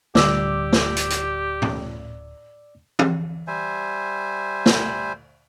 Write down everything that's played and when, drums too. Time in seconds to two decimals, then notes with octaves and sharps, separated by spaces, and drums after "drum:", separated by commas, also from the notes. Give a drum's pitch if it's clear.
0.15 D1 D3 G3 G4 D5 D6 E6, drum: snare
0.73 drum: snare
0.96 drum: hi-hat
1.10 drum: hi-hat
1.62 drum: tom A2
2.99 drum: tom
3.48 G3 C5 E5 G#5
4.66 drum: snare